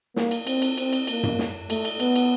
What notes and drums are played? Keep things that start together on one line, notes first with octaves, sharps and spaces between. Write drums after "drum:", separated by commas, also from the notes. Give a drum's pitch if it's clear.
A#3, drum: snare
drum: cymbal
C4, drum: cymbal
drum: cymbal
C4, drum: cymbal
drum: cymbal
A#3, drum: cymbal
drum: tom F#2
drum: snare
A3, drum: cymbal
drum: cymbal
B3, drum: cymbal
drum: cymbal